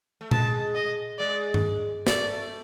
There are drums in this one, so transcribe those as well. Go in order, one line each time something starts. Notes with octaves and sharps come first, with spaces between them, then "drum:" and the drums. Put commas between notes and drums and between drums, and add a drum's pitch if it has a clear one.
A3
G#3 A5, drum: tom A#2
D#5
G#3 D5
drum: tom G2
A3 D5, drum: snare